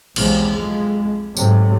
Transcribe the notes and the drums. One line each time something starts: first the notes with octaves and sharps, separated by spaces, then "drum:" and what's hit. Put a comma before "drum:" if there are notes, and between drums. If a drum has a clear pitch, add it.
B1 E2 C3 F3 G#3, drum: cymbal
F2 G#3
G#2 C3 F#3 A3, drum: tambourine